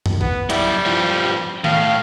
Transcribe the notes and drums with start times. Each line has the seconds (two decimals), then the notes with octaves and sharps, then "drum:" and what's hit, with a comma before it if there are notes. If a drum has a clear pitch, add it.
0.06 drum: tom F#2
0.21 B3, drum: kick
0.50 F#2 G3 E4, drum: hi-hat
0.85 G2 F3
1.64 A2 F5, drum: tom D#3